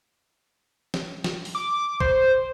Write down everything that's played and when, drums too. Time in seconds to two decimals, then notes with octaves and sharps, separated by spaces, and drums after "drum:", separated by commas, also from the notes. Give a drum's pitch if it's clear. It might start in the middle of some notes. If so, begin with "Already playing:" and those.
0.94 drum: snare
1.24 drum: snare
1.45 drum: open hi-hat
1.55 D6
2.00 C5, drum: kick B1